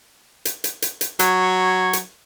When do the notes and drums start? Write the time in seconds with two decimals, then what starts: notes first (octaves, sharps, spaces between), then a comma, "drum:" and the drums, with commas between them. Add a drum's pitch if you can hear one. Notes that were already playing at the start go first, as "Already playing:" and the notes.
0.45 drum: hi-hat
0.64 drum: hi-hat
0.82 drum: hi-hat
1.01 drum: hi-hat
1.19 F#3 C#6 G#6, drum: hi-hat
1.93 drum: hi-hat